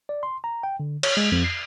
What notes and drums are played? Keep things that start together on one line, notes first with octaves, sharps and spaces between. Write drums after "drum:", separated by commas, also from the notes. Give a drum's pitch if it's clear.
D5
C6
A#5
G5
D3
C#5, drum: cymbal
G#3
F2
C7